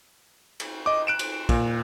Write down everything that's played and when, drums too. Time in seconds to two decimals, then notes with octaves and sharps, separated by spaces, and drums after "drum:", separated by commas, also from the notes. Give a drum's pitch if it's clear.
0.60 drum: cymbal
0.86 D#5 D6
1.07 F#6 D7 E7
1.19 drum: cymbal
1.49 A#2, drum: kick, cymbal